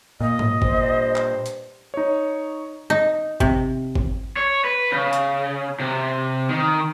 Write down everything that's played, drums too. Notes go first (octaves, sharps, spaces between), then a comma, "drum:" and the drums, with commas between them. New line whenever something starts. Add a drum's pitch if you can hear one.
A#2 D#5
drum: tom G#2
G2 C5, drum: kick G#1
drum: clap
drum: hi-hat
D#4 C#5
D#4
C3, drum: kick G#1
drum: kick G#1
C#5
B4
C#3
drum: hi-hat
C3
D#3